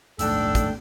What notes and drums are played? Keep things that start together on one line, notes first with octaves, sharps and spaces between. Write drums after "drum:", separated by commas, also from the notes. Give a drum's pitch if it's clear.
A#1 D#2 G#2 A3 D4 A4 G5 E6, drum: hi-hat
drum: kick, hi-hat